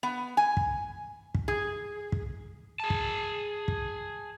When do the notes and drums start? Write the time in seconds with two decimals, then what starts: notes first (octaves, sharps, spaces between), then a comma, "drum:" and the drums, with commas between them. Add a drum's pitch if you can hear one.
0.03 B3
0.37 G#5
0.57 drum: kick
1.35 drum: kick
1.48 G#4
2.12 drum: kick
2.80 G#4 A5
2.90 drum: kick
3.68 drum: kick